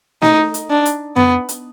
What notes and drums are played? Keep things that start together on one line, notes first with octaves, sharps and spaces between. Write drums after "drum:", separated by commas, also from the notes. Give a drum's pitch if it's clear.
D#4, drum: snare
drum: hi-hat
D4
drum: hi-hat
B3, drum: tom F2
drum: hi-hat